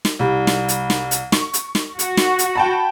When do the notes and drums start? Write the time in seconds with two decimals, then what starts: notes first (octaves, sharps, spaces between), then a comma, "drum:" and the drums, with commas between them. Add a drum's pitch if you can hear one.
0.05 drum: snare
0.19 C2 G3
0.47 drum: snare
0.68 drum: hi-hat
0.90 drum: snare
1.11 drum: hi-hat
1.32 C#6, drum: snare
1.54 drum: hi-hat
1.75 drum: snare
1.99 F#4, drum: hi-hat
2.17 drum: snare
2.39 drum: hi-hat
2.55 G5 A5 B5